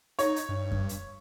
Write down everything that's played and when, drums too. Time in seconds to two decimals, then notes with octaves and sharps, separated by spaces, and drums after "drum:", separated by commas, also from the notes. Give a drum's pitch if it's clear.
0.19 D#4 C#5, drum: hi-hat
0.36 drum: hi-hat
0.49 G2
0.71 drum: kick F#2
0.89 drum: hi-hat